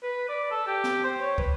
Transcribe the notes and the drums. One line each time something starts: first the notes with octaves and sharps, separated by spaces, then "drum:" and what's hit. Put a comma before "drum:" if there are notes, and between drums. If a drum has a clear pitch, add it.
B4
D5
A4
G4
drum: snare
C5
C#5
B4, drum: kick